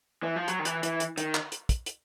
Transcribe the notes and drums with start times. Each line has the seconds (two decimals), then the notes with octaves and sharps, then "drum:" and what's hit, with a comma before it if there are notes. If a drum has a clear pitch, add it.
0.23 E3
0.36 F3
0.48 F#3, drum: hi-hat
0.59 D#3
0.65 E3, drum: hi-hat
0.83 E3, drum: hi-hat
1.00 drum: hi-hat
1.18 D#3, drum: hi-hat
1.35 drum: clap
1.52 drum: hi-hat
1.69 drum: kick, hi-hat
1.86 drum: hi-hat